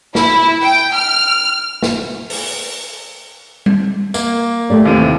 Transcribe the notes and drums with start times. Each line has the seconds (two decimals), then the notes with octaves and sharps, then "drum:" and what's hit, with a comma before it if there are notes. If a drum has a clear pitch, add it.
0.15 E4, drum: snare
0.62 G5
0.95 F6
1.83 drum: snare
2.30 drum: open hi-hat
3.66 drum: tom G3
4.14 A#3, drum: tambourine
4.70 A3 G4 D5
4.85 D#2 C3 E3